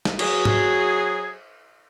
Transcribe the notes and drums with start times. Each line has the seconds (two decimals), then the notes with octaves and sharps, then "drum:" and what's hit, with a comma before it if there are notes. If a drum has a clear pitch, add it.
0.05 drum: snare
0.19 F#3 F#4 G#4, drum: cymbal
0.45 drum: tom G#2